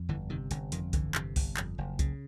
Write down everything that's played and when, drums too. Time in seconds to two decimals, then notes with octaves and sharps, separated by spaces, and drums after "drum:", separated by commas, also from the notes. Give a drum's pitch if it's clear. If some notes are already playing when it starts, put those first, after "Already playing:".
Already playing: F2
0.09 G1 D3 E3
0.30 C3 D#3
0.51 G1 D3, drum: hi-hat
0.72 F2 D#3, drum: hi-hat
0.93 G1 D3 E3, drum: kick C2, hi-hat
1.15 C3, drum: clap
1.36 G1, drum: kick C2, open hi-hat
1.57 F2, drum: clap
1.78 F#1
1.99 C#3, drum: kick C2, hi-hat